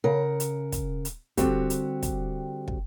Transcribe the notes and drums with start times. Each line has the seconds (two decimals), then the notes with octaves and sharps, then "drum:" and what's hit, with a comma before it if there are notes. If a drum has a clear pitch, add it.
0.04 C#3 A#4 F#5
0.40 drum: hi-hat
0.72 drum: kick, hi-hat
1.05 drum: hi-hat
1.37 D3 G3 C4 F#4 G4, drum: kick, hi-hat
1.70 drum: hi-hat
2.02 drum: kick, hi-hat
2.68 drum: kick